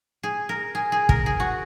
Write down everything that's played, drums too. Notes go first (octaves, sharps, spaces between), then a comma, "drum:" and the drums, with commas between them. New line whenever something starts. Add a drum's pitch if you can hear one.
G#4
A#4
G#4
G#4
A#4, drum: kick
G#4
F#4